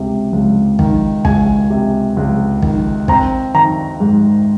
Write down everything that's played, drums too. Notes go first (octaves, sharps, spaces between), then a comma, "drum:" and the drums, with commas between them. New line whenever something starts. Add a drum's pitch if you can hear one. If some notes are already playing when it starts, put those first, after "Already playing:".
Already playing: C#2 C3
C#2
D#3, drum: kick
C#2 G#5, drum: kick
C3
C#2
D#3, drum: kick
C4 A#5, drum: kick
D#3 A#5
G#2